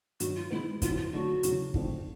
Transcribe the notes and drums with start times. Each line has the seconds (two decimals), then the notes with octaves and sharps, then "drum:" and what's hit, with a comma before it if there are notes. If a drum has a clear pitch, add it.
0.20 G2 D#3 F#3 F#4, drum: hi-hat
0.36 F4
0.50 E3 G#3 B3 E4
0.82 F2 D3 F#3 B3 E4 F4, drum: kick, hi-hat
0.97 F4
1.13 D3 F#3 A3 D4 F#4
1.43 E2 C#3 F#3, drum: hi-hat
1.74 F2 D3 F3 A3 D4, drum: kick